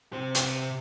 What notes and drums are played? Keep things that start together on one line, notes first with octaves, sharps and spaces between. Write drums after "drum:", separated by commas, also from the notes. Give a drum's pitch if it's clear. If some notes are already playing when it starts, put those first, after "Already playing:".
C3 C5
drum: hi-hat